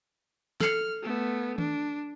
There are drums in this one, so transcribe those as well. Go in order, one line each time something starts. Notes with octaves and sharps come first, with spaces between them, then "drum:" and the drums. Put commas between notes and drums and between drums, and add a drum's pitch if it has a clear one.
A4 F6 C7 C#7, drum: snare
A3 B3
D4, drum: tom D#3